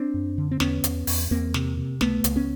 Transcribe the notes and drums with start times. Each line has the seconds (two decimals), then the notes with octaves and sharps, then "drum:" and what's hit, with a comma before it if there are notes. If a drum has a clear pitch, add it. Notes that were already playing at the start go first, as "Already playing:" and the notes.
Already playing: C4 D4
0.14 F#2
0.38 D3
0.51 C4
0.60 E2 B3 C#4, drum: snare
0.84 E2, drum: hi-hat
1.07 E2, drum: open hi-hat
1.31 E2 A#3 C4
1.54 C3, drum: snare
1.77 C3
2.01 C#2 A3 B3, drum: snare
2.24 C#2, drum: hi-hat
2.36 B3 C#4